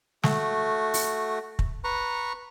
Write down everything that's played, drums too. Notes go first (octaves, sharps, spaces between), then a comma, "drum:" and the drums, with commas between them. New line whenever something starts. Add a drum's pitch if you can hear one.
A3 F#4, drum: snare
drum: open hi-hat
drum: kick
B4 A#5 C#6